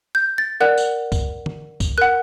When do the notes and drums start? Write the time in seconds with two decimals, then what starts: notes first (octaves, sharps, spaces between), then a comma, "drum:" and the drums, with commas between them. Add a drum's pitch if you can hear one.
0.15 G6
0.38 A6
0.60 A#4 D5 F#5 F#6
0.78 drum: tambourine
1.12 drum: kick C2, tambourine
1.46 drum: tom
1.80 drum: kick C2, tambourine
1.98 A#4 F#5 F#6